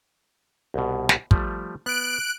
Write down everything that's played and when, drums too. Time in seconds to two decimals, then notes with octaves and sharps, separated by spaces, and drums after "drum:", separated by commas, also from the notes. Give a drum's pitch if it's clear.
0.74 C2 B2
1.09 drum: snare
1.31 F3 G3 A3, drum: kick
1.86 B3 F#6 D7